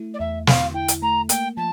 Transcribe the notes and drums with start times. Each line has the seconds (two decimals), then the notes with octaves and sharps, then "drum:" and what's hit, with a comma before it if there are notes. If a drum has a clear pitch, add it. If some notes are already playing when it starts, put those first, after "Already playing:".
Already playing: A3 E4
0.14 D5
0.20 E2 E5
0.47 D3 F5, drum: snare
0.74 E4 G5
0.88 drum: hi-hat
1.02 A3 A#5
1.29 A#3 G5, drum: hi-hat
1.57 F3 A5